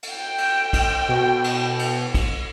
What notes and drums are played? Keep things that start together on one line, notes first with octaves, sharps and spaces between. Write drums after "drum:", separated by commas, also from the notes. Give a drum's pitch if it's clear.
drum: cymbal
G5
drum: cymbal
drum: kick, cymbal
B2
drum: cymbal
drum: cymbal
drum: kick, cymbal